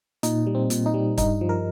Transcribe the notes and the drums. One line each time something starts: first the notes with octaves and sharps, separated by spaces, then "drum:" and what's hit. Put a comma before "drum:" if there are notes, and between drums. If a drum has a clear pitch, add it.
A#2 D#4, drum: hi-hat
G3
C4
A#2, drum: hi-hat
D#4
G3
G2 D#4, drum: kick, hi-hat
F3
A#4